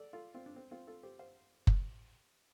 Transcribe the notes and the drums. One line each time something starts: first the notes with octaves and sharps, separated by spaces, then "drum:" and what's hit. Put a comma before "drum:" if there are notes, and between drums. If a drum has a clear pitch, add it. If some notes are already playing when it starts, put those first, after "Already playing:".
Already playing: A4 D5
F4 A4
C4 F4
D4
C4
C4 F4
F4 A4
G4 C5
C5 F5
drum: kick F#1